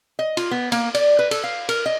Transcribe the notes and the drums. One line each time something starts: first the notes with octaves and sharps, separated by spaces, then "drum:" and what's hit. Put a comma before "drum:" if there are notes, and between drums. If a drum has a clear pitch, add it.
D#5
F4, drum: cymbal
B3
A#3, drum: cymbal
D5, drum: cymbal
B4
A4, drum: cymbal
F5
A#4, drum: cymbal
D#5